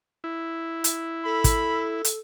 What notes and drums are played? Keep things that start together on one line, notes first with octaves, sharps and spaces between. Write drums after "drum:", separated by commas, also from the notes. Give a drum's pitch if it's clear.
E4
drum: hi-hat
A4 B5
drum: kick, hi-hat
drum: hi-hat